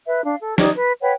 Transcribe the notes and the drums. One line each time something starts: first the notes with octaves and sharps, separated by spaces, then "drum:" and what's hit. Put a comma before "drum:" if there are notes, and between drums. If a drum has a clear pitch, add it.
B4 E5
D4 F5
A4
D#4 G4 D5 G#6, drum: snare
B4
B4 C#5 F#5 G5